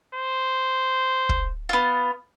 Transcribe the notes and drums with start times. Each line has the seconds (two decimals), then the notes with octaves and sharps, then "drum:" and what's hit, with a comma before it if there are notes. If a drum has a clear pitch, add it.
0.15 C5
1.29 drum: kick
1.69 B3 F4